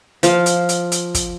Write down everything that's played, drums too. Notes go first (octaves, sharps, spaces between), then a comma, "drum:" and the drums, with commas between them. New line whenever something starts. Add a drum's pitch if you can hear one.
F3 F5, drum: hi-hat
drum: hi-hat
drum: hi-hat
drum: hi-hat
drum: kick, hi-hat